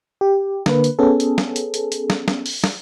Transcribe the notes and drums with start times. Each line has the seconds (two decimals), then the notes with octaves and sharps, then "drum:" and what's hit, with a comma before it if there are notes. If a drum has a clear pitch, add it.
0.21 G4
0.66 D3 A#3 B4, drum: snare
0.84 drum: hi-hat
0.99 B3 C#4 G#4 A4
1.20 drum: hi-hat
1.38 drum: snare
1.56 drum: hi-hat
1.74 drum: hi-hat
1.92 drum: hi-hat
2.10 drum: snare
2.28 drum: snare
2.46 drum: open hi-hat
2.64 drum: snare